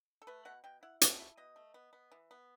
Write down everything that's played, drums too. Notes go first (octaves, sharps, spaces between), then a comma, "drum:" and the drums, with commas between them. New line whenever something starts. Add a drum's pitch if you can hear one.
A4
A3 B4
B2 F#5
B2 G5
E4 F#5
A3 F#5, drum: hi-hat
E4
B2 D#5
A3
B3
B3
E3
B3